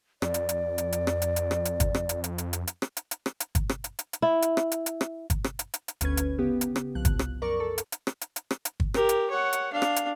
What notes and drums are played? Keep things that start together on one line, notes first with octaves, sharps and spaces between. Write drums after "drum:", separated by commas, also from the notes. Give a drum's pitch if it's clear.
F2 D5, drum: rim click
drum: hi-hat
drum: hi-hat
drum: hi-hat
drum: hi-hat
drum: rim click
drum: hi-hat
drum: hi-hat
drum: rim click
drum: hi-hat
drum: kick, hi-hat
drum: rim click
drum: hi-hat
drum: hi-hat
drum: hi-hat
drum: hi-hat
drum: hi-hat
drum: rim click
drum: hi-hat
drum: hi-hat
drum: rim click
drum: hi-hat
drum: kick, hi-hat
drum: rim click
drum: hi-hat
drum: hi-hat
drum: hi-hat
E4
drum: hi-hat
drum: rim click
drum: hi-hat
drum: hi-hat
drum: rim click
drum: kick, hi-hat
drum: rim click
drum: hi-hat
drum: hi-hat
drum: hi-hat
G1 D2 C#4 B4 G#6, drum: hi-hat
drum: hi-hat
C#3 B3 G4
drum: hi-hat
drum: rim click
C2 F3 F#6
drum: kick, hi-hat
drum: rim click
F#2 A#4 D5 C#6
A4
drum: hi-hat
drum: hi-hat
drum: rim click
drum: hi-hat
drum: hi-hat
drum: rim click
drum: hi-hat
drum: kick
G4 A#4, drum: rim click
drum: hi-hat
C#5 F#5
drum: hi-hat
D4 F5
drum: rim click
drum: hi-hat